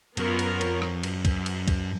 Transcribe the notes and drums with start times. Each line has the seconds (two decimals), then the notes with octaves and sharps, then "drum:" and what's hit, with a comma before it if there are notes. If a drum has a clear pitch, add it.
0.17 F#2 B3 F4 A#4 C#5, drum: cymbal
0.39 drum: cymbal
0.61 F2, drum: cymbal
0.82 drum: rim click
1.03 F#2, drum: cymbal
1.25 drum: kick, cymbal
1.46 drum: cymbal
1.68 drum: kick, cymbal